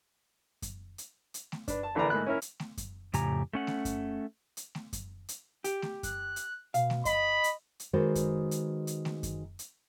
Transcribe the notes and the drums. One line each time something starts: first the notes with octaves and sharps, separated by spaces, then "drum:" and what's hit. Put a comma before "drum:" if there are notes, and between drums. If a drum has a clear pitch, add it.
drum: kick F#2, hi-hat
drum: hi-hat
drum: hi-hat
drum: snare A3
D4 B4, drum: kick F#2, hi-hat
A5
A#1 D3 E3 B4 D5 A#5
G#2 A3 A#3 B5 F#6
C#4 E4 A#4
drum: hi-hat
drum: snare A3
drum: kick F#2, hi-hat
F2 A2 C#3 G4 G#5 A#5, drum: hi-hat
A3 C#4 F#5
drum: snare A3
drum: kick F#2, hi-hat
drum: hi-hat
drum: snare A3
drum: kick F#2, hi-hat
drum: hi-hat
G4, drum: hi-hat
drum: snare A3
F#6, drum: kick F#2, hi-hat
drum: hi-hat
B2 F5, drum: hi-hat
drum: snare A3
D#5 B5, drum: kick F#2, hi-hat
drum: hi-hat
drum: hi-hat
D#3 G#3 F#4 B4 C5 D5
drum: kick F#2, hi-hat
drum: hi-hat
drum: hi-hat
drum: snare A3
drum: kick F#2, hi-hat
drum: hi-hat